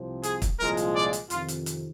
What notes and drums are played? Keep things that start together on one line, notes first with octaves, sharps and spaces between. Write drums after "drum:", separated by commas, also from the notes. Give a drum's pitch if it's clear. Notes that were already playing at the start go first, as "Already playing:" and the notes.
Already playing: C2 C3 F3 C4
G#4, drum: hi-hat
drum: kick, hi-hat
C2 A#2 F3 G#3 A#4
drum: hi-hat
D5
drum: hi-hat
F2 C3 D#3 F4, drum: hi-hat
drum: hi-hat
drum: hi-hat